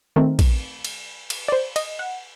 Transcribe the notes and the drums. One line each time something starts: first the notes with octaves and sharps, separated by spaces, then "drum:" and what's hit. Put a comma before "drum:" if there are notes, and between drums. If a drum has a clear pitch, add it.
D#3 A3 C4 A#4
drum: kick, cymbal
drum: cymbal
drum: cymbal
D5
C5
D#5, drum: cymbal
F#5